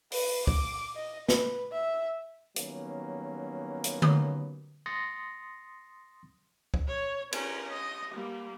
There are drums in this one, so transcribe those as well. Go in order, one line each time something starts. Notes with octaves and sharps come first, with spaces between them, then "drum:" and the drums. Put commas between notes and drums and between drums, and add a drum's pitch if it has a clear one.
B4, drum: open hi-hat
D6, drum: kick
D#5
B4, drum: snare
E5
D#3 F#3 G3 A#3 B3 C#4, drum: hi-hat
drum: hi-hat
drum: tom D3
C6 D#6 A6 A#6 C#7
drum: kick
C#5
C#4 A#4, drum: cymbal
D#5
G3 A#3